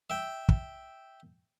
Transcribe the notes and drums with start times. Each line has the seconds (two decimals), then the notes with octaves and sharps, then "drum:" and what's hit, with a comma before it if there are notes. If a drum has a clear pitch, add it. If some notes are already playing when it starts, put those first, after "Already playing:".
0.10 E5 G5
0.49 drum: kick